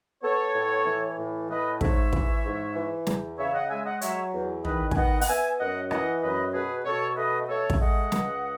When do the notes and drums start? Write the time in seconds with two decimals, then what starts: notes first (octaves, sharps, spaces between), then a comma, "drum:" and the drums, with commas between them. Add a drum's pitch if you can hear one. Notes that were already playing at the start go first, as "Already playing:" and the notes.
0.23 B3 A4 C#5
0.55 A2
0.86 E3
1.18 A2
1.50 A3 B4 D#5
1.81 G#2 C#5 E5, drum: kick
2.13 E3, drum: kick
2.44 G#2
2.76 E3
3.07 E2, drum: snare
3.39 C#3 C#5 E5
3.54 D#5 F#5
3.70 G#3 E5 G#5
3.86 D#5 F#5
4.01 F#3 C#5 E5, drum: hi-hat
4.34 E2
4.65 D#3 B4 D#5, drum: tom
4.91 G#5, drum: kick
4.96 B3 D#5 F#5
5.21 F#5, drum: open hi-hat
5.28 B3 E5 G#5
5.59 F#2 D#5 F#5
5.91 E3 D#5 F#5, drum: rim click
6.23 F#2 B4 D#5
6.54 B2 G#4 B4
6.85 B2 A4 C#5
7.17 A3 B4 D#5
7.48 A3 A4 C#5
7.70 drum: kick
7.80 G#3 D#5 F#5
8.12 C#2, drum: snare